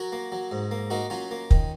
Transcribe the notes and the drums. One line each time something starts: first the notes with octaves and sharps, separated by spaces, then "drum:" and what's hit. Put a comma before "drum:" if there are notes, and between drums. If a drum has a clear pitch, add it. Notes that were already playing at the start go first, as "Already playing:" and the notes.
Already playing: F#3 F#4 A#4
A#3
F#3
G#2
A#3
A#3 D#4 F#4
F#3 C#4 F4
A#3
D#3, drum: kick